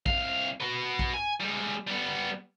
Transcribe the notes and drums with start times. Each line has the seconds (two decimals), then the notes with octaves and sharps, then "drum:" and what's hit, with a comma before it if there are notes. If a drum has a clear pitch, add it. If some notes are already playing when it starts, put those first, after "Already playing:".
0.06 C2 F5, drum: kick
0.60 F#4 B4
0.99 drum: kick
1.14 G#5
1.41 G3 G#3
1.88 G3 B3